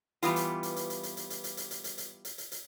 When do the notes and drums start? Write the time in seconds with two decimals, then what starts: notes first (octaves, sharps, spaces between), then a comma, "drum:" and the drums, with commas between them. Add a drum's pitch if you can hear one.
0.23 E3 G3 B3 F4, drum: hi-hat
0.36 drum: hi-hat
0.63 drum: hi-hat
0.76 drum: hi-hat
0.90 drum: hi-hat
1.03 drum: hi-hat
1.17 drum: hi-hat
1.30 drum: hi-hat
1.44 drum: hi-hat
1.57 drum: hi-hat
1.71 drum: hi-hat
1.84 drum: hi-hat
1.98 drum: hi-hat
2.25 drum: hi-hat
2.38 drum: hi-hat
2.52 drum: hi-hat